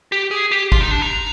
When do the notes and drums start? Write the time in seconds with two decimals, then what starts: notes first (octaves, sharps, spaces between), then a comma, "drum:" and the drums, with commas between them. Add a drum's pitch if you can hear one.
0.12 G4
0.31 G#4
0.51 G4
0.72 F4, drum: kick
0.81 D#4
0.91 D4
1.01 D#4